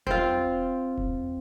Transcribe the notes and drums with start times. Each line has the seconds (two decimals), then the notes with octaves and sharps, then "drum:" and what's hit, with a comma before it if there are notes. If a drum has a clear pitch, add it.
0.07 C4 F4, drum: kick E1
0.98 drum: kick E1